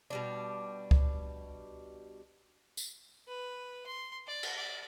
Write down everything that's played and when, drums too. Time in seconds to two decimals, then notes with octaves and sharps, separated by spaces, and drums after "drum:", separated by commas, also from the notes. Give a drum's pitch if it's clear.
0.10 B2 G3 D4
0.91 drum: kick C#2
2.77 drum: tambourine
3.28 B4
3.87 C6
4.27 D5
4.43 drum: cymbal
4.56 D5